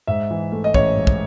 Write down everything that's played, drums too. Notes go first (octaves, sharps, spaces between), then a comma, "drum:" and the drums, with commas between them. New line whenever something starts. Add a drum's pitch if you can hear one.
G#2 E5
E3
A3
D#5
A1 C#5, drum: kick
G#2
drum: kick